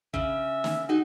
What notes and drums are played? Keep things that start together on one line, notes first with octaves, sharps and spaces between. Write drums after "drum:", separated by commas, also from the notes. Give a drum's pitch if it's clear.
C#3 E5, drum: kick
drum: snare
D#4 F#4 G#4